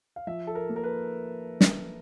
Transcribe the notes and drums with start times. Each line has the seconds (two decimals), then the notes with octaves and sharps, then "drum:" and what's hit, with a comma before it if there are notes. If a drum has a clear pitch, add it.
0.16 F5
0.27 F3 E5
0.47 A4
0.55 A#4
0.69 A#3
0.76 A#4
0.84 B4
1.61 drum: snare